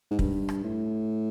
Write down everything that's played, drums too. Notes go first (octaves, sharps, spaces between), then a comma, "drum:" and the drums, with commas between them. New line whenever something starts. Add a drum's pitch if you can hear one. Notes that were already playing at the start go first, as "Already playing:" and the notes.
G#2
G2, drum: kick
drum: rim click
A2